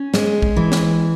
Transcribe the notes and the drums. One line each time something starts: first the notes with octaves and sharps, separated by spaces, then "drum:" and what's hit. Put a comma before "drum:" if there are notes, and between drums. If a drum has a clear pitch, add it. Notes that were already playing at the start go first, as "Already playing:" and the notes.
Already playing: C#4
G#3, drum: snare
drum: kick
E3
drum: snare